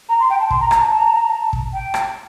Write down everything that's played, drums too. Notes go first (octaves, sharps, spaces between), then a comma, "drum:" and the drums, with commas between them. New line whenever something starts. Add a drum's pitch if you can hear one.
A#5
C6
G5
A5
C6, drum: kick
A#5
A#5, drum: rim click
A5
A5
A#5
A5
A#5
A5
A#5
A5
drum: kick
G5
drum: rim click